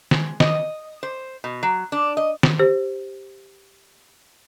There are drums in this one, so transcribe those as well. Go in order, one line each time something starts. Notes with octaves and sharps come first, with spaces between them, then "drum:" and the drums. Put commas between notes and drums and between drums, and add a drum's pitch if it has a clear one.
G#3, drum: snare D#3
D#5, drum: snare D#3
C5
B2
F#3
D4
D#5
drum: snare D#3
G4 C5